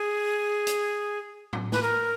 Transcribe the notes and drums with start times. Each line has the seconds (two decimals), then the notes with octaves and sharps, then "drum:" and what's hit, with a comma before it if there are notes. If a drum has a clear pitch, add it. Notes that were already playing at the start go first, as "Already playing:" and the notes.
Already playing: G#4
0.67 drum: hi-hat
1.53 drum: tom
1.72 B4, drum: snare
1.82 A#4